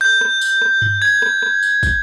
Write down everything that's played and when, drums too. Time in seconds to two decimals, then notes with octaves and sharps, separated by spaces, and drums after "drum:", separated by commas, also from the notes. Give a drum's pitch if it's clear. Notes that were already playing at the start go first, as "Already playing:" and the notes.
0.01 G6
0.21 drum: rim click
0.41 drum: tambourine
0.62 drum: rim click
0.82 drum: tom G2
1.02 G#6
1.22 drum: rim click
1.42 drum: rim click
1.63 drum: tambourine
1.83 drum: kick, tambourine